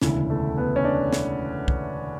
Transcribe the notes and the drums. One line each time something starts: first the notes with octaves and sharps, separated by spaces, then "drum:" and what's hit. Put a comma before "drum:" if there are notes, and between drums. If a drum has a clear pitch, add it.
E1 D2 C#3 E4, drum: snare
A3
B3
C#4
D4
drum: snare
drum: kick